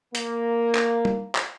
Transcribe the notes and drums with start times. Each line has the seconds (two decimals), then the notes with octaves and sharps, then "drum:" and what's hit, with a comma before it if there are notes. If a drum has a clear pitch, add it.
0.15 A#3, drum: hi-hat
0.75 drum: clap
1.05 drum: tom
1.35 drum: clap